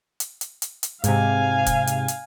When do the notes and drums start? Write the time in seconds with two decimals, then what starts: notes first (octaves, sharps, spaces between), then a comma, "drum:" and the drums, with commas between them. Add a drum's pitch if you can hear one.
0.20 drum: hi-hat
0.41 drum: hi-hat
0.62 drum: hi-hat
0.83 drum: hi-hat
1.04 G#2 C3 F5 G#5, drum: hi-hat
1.66 drum: kick, hi-hat
1.87 drum: hi-hat
2.08 drum: hi-hat